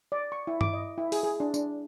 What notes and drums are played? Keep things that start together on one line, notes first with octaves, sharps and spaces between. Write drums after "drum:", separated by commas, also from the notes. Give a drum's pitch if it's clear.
D5
C#6
E4
D6, drum: tom G2
D#5
E4
G#4, drum: open hi-hat
G#4
D4
D4, drum: tambourine